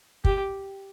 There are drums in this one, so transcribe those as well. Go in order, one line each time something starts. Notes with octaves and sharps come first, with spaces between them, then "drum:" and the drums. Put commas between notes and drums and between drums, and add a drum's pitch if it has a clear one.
G4, drum: kick